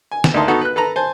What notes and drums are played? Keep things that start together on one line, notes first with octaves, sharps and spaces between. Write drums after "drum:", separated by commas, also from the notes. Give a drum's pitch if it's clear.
G#5
drum: snare
D2 A#3 D#4 E5 A5 C6
B3 D#4 F#4 A4
B4 F#6
A4 B4 A5 A#5
C5 G#5 A5